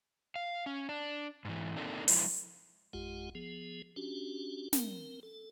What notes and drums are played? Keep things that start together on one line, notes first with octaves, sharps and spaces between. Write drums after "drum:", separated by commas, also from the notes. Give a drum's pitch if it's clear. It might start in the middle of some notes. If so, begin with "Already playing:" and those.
F5
C#4
D4
G#2 E3
A#3 C4 D4 D#4 A4 A#4
F3 F#3 G#3 E4 A4 C5, drum: open hi-hat
G#1 F2 G#3 F4 G4 F#5
F3 B3 G#4
C#4 D4 F#4 G4
C4 A#4, drum: snare
A4